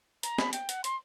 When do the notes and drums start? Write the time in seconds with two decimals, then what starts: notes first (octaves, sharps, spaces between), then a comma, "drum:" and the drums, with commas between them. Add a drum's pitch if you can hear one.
0.23 A#5, drum: hi-hat
0.38 B5, drum: snare
0.53 G5, drum: hi-hat
0.69 F#5, drum: hi-hat
0.84 C6, drum: hi-hat